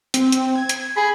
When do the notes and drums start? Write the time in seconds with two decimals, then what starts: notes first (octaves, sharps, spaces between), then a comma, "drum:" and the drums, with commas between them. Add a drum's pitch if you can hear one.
0.14 C4, drum: hi-hat
0.32 drum: hi-hat
0.56 G#6
0.69 drum: hi-hat
0.96 G#4 B5